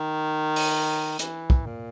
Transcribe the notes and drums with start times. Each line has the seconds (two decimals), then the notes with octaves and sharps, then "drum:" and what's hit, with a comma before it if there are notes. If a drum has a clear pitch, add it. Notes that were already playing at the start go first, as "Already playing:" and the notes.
Already playing: D#3
0.56 drum: open hi-hat
1.19 E3, drum: hi-hat
1.50 drum: kick
1.66 A#2